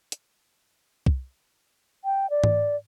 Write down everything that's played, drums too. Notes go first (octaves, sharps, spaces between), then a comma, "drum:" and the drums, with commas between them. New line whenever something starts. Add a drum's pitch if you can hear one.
drum: hi-hat
drum: kick
G5
D5
drum: tom G#2